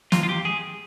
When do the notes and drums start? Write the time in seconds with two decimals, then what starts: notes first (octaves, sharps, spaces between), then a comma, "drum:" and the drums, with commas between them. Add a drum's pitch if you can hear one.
0.12 F4, drum: snare
0.23 F4
0.29 G4
0.45 G#4